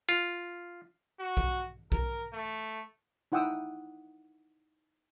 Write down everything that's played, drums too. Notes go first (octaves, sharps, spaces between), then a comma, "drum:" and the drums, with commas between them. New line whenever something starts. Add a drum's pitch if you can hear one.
F4
F#4
drum: kick B1
A#4, drum: kick B1
A3
D#4 E4 F#5 G5 D#6 E6